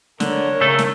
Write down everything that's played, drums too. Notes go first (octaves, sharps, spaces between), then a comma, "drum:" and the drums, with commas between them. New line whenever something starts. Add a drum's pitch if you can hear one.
D3 A#4 C#5, drum: snare
C#3 A3 A4
drum: snare